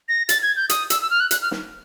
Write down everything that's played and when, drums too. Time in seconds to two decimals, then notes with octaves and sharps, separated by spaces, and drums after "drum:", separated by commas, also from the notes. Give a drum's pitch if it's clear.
0.09 A#6
0.29 A6, drum: hi-hat
0.43 G#6
0.56 G6
0.69 D#6, drum: hi-hat
0.90 E6, drum: hi-hat
1.02 E6
1.10 F6
1.20 F#6
1.31 F#6, drum: hi-hat
1.42 F6
1.51 drum: snare